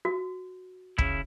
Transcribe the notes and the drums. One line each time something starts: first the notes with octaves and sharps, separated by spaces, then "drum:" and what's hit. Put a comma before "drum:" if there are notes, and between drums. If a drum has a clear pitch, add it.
F#4
C#3 E4, drum: kick